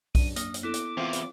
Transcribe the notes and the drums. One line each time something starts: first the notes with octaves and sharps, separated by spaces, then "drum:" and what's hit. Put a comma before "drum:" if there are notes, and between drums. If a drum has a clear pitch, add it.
F#2 D4 D#7, drum: kick B1, open hi-hat
A#3 D#6, drum: hi-hat
drum: hi-hat
B3 E4 A4 D6
drum: hi-hat
E2 C4 F4
drum: hi-hat